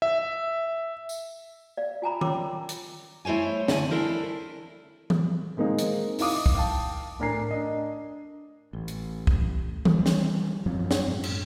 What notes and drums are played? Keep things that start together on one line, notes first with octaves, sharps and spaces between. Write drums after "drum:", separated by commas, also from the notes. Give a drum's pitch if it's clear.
E5
drum: tambourine
D5 F5
F4 G#5 A#5 B5
C#4 F4 A#4 C#5 C6 D6, drum: tom D#3
drum: hi-hat
A3 E4 C5 C#5 G#5
D3 A3 G#5, drum: snare
D4 E4 A4 A#4 C5
drum: tom E3
D#3 G#3 A#3 C4 D#4
drum: hi-hat
D#4 E4 F5 D6 D#6, drum: open hi-hat
drum: kick
F5 G5 A5
A2 D4 A#4 G#5 A#5 C7
D4 D#5
A1
drum: hi-hat
drum: kick
D#3 E3 G3, drum: tom E3
drum: snare
F#2 F3 F#3 C4
G2, drum: snare
F#2 A2
drum: cymbal